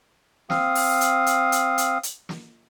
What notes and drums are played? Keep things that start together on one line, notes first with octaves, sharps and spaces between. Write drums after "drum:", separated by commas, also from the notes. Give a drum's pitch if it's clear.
C4 F5 D#6, drum: snare
drum: open hi-hat
drum: hi-hat
drum: hi-hat
drum: hi-hat
drum: hi-hat
drum: hi-hat
drum: snare